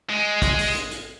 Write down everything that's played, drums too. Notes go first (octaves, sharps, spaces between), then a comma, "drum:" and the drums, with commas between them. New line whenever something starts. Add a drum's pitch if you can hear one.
G#3
drum: kick, hi-hat
drum: open hi-hat
drum: hi-hat
drum: hi-hat